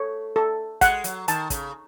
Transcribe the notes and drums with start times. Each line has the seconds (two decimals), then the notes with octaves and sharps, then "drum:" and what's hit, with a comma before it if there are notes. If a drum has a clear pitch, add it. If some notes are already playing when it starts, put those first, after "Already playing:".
Already playing: A3 C#5
0.36 A4
0.81 G#3 F#5, drum: kick, hi-hat
1.04 F#3, drum: hi-hat
1.28 D#3 A5, drum: hi-hat
1.50 C#3, drum: kick, hi-hat